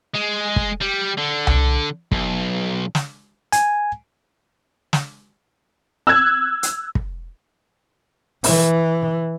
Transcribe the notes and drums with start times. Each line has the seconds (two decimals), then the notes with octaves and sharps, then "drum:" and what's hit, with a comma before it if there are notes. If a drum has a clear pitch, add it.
0.15 G#3
0.56 drum: kick
0.82 G3
1.18 D3
1.47 drum: tom C2
2.12 B1, drum: kick
2.95 drum: snare
3.52 G#5, drum: hi-hat
4.93 drum: snare
6.07 E6 F#6 G#6
6.63 drum: hi-hat
6.95 drum: kick
8.44 E3, drum: open hi-hat